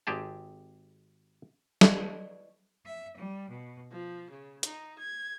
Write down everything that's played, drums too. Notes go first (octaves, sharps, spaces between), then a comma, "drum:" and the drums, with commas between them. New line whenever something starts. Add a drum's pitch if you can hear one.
G#1 C4 G4 G#4 A5
E4 B4 D5 D#5 F5 C#6, drum: snare
E5
G3
B2
F3
C#3
D#4, drum: hi-hat
G#6